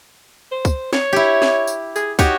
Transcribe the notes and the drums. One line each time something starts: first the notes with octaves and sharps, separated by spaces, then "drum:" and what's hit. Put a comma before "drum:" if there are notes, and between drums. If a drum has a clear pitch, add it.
C5
drum: kick, tambourine
C#5, drum: snare
E4 G4
drum: snare
drum: tambourine
G#4, drum: tambourine
D#4 F#4 G4 C#5, drum: kick, tambourine